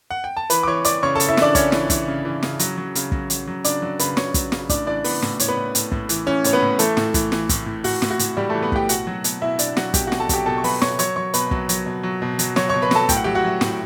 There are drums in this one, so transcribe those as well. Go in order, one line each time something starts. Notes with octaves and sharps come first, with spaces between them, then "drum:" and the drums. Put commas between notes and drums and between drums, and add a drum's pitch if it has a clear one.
F#5
G5
A5
E3 B4 B5, drum: hi-hat
D6
E3 C#5 C#6
E3 D5 D6, drum: hi-hat
C#3 C#5 C#6
A4 A5
C#3, drum: hi-hat
E4 E5
E3 D4 D5, drum: snare
C#3 C#4 C#5, drum: kick, hi-hat
E3, drum: snare
E3, drum: kick, hi-hat
C#3
E3
C#3, drum: snare
F#3, drum: hi-hat
F#3
C#3, drum: hi-hat
F#3, drum: kick
F#3, drum: hi-hat
F#3
C#3 D4 D5, drum: hi-hat
F#3
C#3 B4 B5, drum: hi-hat
C#3 C#5 C#6, drum: snare
F#3, drum: kick, hi-hat
C#3, drum: snare
A2 D4 D5, drum: kick, hi-hat
E3 D4 D5
E3 B3 B4, drum: open hi-hat
A2, drum: snare
A2 C#5, drum: hi-hat
B3 B4
A2
A2, drum: hi-hat
A2, drum: kick
E3, drum: hi-hat
E3 C#4 C#5
A2 C#5, drum: hi-hat
B3 B4
A2
E3 A3 A4, drum: hi-hat
A2, drum: snare
E3, drum: kick, hi-hat
E3, drum: snare
A2, drum: kick, hi-hat
A2
A2 F#4, drum: open hi-hat
A2, drum: snare
F#4
A2, drum: hi-hat
A2 G3 G4
E3 A3 A4
B3 B4
A2 G4 G5, drum: kick
B2 F#4 F#5, drum: hi-hat
F#3
B2, drum: hi-hat
B2 E4 E5
B2 D4 D5, drum: hi-hat
F#3 F#4 F#5, drum: snare
B2 G4 G5, drum: kick, hi-hat
F#4 F#5
B2, drum: snare
A4 A5
F#3 G4 G5, drum: kick, hi-hat
B2 A4 A5
C#6
F#3 B4 B5, drum: open hi-hat
B2 C#5 C#6, drum: snare
F#3 C#5 C#6, drum: hi-hat
F#3 C#5 C#6
B2 B4 B5, drum: hi-hat
F#3, drum: kick
F#3, drum: hi-hat
B2
F#3
B2
F#3, drum: hi-hat
F#3 C#5 C#6, drum: snare
B2 C#5 C#6
B4 B5
F#3 A4 A5, drum: snare
A2 G5, drum: kick, hi-hat
F#5
F#3 G4 G5
F#4 F#5
F#3
A2, drum: snare